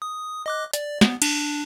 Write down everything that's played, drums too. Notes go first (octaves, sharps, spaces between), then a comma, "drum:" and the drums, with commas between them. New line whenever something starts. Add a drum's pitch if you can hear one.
D#6
D#5 D6 F#6
D5, drum: hi-hat
B3, drum: snare
D4, drum: cymbal